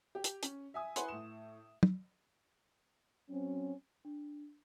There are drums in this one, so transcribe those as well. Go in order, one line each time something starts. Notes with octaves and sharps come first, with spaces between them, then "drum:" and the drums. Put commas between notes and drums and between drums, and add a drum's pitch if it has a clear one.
G4
drum: hi-hat
C#4, drum: hi-hat
E5 G#5 D#6
E4 B4 F#5 G#5 C6, drum: hi-hat
A2 E7
drum: tom
F#3 C4 C#4
D4